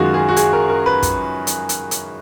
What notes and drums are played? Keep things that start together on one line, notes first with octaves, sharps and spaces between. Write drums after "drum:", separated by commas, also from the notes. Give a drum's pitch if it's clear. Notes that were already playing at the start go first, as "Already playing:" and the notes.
Already playing: F#2 D#3 G#3 F4 F#4
G#4
F#4
G#4, drum: hi-hat
A#4
A#4
B4
drum: kick, hi-hat
drum: hi-hat
drum: hi-hat
drum: hi-hat